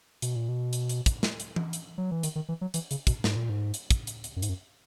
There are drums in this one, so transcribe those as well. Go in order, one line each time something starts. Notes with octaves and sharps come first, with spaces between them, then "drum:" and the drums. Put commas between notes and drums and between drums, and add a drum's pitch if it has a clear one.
B2, drum: hi-hat
A#2
B2
drum: hi-hat
drum: hi-hat
drum: kick, hi-hat
drum: snare
drum: hi-hat
drum: tom E3
drum: hi-hat
F#3
E3
D#3, drum: hi-hat
D#3
E3
F#3
E3, drum: hi-hat
C#3, drum: hi-hat
B2, drum: kick, hi-hat
G#2, drum: snare
A#2
G#2
drum: hi-hat
drum: kick, hi-hat
drum: hi-hat
drum: hi-hat
F#2
G#2, drum: hi-hat
F#2